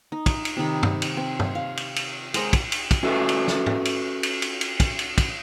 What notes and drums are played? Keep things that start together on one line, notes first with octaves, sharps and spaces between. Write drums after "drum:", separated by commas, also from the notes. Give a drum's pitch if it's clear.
D#4
drum: kick, cymbal
drum: cymbal
C3 D#3 D#4 B5
drum: tom
drum: cymbal
C4
drum: tom
F5
drum: cymbal
drum: cymbal
G#3 A#4 C5 D#5, drum: cymbal
drum: kick, cymbal
drum: cymbal
drum: kick, cymbal
C#4 F#4 A4 B4 E5
drum: cymbal
drum: snare
drum: tom
drum: cymbal
drum: cymbal
drum: cymbal
drum: cymbal
drum: kick, cymbal
drum: cymbal
drum: kick, cymbal